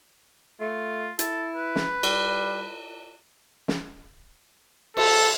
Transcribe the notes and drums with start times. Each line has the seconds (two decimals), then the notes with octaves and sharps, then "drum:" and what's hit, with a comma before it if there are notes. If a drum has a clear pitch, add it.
0.60 A3 F4
1.19 E4 A4, drum: hi-hat
1.56 B4
1.76 drum: snare
2.03 G3, drum: cymbal
3.68 drum: snare
4.97 A4, drum: cymbal